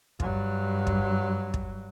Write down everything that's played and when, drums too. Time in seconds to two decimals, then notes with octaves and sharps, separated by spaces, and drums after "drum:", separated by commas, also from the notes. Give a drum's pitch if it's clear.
0.20 G2 F#3, drum: kick
0.87 drum: kick
1.54 drum: kick